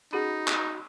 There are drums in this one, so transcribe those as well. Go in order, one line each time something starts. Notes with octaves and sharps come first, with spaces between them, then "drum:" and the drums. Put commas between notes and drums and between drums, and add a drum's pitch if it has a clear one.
C#4 D#4 F#4 G#4 A4 B5
drum: clap